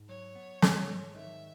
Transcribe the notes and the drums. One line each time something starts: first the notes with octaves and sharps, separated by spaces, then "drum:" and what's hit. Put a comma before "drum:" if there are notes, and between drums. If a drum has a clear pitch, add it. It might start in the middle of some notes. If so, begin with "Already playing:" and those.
Already playing: G#2
F#3 C#5
B3
G#2, drum: snare
G#2
D#3 E5